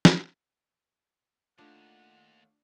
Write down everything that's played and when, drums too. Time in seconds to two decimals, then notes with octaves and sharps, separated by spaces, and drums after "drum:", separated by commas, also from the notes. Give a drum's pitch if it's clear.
0.05 drum: snare
1.58 D#2 A3 D4 F4 F#5